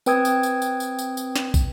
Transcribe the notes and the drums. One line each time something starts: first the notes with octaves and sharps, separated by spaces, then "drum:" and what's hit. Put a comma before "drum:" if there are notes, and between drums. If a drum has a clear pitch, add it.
C4 B4 G5 D#6 E6 G#6, drum: tambourine
drum: tambourine
drum: tambourine
drum: tambourine
drum: tambourine
drum: tambourine
drum: tambourine
drum: snare
drum: kick, tambourine